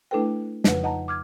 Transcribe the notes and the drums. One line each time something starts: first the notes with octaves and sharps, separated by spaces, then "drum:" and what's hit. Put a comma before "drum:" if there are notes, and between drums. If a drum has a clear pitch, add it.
A3 D4 E4 A4 B4 G5
F2 C#3 F3 B4 F#5, drum: snare
D#4 D#5 F#5 A5 A#5
D6 F6 G#6